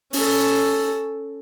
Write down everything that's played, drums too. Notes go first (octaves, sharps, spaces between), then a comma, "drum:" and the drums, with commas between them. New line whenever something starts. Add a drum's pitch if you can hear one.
C#4 A4, drum: open hi-hat